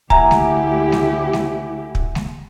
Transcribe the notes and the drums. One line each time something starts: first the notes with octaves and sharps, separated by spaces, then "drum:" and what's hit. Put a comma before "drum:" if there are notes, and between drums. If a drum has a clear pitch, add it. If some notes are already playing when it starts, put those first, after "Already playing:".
D2 E4 G4 E5 F#5 G#5 A#5, drum: kick
drum: snare G#3
drum: snare G#3
drum: snare G#3
drum: kick
drum: snare G#3